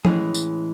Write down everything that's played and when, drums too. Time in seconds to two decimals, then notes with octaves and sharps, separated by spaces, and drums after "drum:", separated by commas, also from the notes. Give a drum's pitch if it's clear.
0.05 A2 E3 G#3 C#4 G#4, drum: tom F3
0.34 drum: tambourine